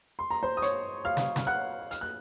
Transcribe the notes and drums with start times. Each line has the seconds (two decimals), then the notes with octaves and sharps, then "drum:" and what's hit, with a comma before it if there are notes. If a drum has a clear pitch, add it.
0.19 C6
0.31 A#5
0.43 C5 C6
0.57 D#6
0.62 C#5 C#6, drum: hi-hat
1.05 F5 F6
1.17 drum: snare
1.36 drum: snare
1.47 F#5 F#6
1.91 F6, drum: hi-hat
2.01 F#6